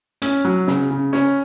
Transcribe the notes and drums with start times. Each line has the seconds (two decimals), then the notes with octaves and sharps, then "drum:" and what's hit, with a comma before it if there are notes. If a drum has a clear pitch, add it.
0.22 C#4, drum: hi-hat
0.45 F#3
0.67 C#3, drum: snare
0.91 C#3
1.13 C#4, drum: snare